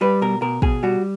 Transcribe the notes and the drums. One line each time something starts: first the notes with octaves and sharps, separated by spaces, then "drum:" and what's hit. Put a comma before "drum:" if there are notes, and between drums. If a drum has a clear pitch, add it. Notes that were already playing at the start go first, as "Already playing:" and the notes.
G3 B4
B2 A#4
B2 A#4
B2 G#4, drum: kick
G3 F#4